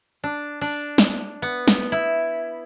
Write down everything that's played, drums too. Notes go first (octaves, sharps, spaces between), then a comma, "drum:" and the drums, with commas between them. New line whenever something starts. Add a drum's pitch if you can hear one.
D4
D4, drum: open hi-hat
drum: snare
B3
drum: snare
E4